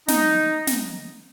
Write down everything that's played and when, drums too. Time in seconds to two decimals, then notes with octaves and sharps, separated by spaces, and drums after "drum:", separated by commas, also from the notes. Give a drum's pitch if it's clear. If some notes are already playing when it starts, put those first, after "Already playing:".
0.08 D#4, drum: snare
0.67 drum: snare